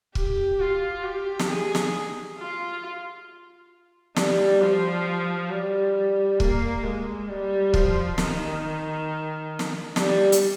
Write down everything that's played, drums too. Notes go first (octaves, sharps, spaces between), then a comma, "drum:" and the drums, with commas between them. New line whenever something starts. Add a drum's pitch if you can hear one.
G4, drum: kick
F4
G4
drum: snare
G#4
drum: snare
F4
G3, drum: snare
F3
G3
A#3, drum: kick
G#3
G3
F3, drum: kick
D#3, drum: snare
drum: snare
G3, drum: snare
drum: hi-hat